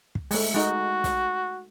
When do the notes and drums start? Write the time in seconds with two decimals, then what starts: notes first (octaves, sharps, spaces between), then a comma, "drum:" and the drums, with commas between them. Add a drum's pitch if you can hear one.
0.15 drum: kick
0.31 G#3 A3, drum: open hi-hat
0.54 G#3 D#4 F#4
1.04 drum: snare